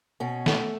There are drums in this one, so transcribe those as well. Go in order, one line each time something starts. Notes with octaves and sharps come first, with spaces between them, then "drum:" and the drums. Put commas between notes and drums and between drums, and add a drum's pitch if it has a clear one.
B2 C#4
A3, drum: snare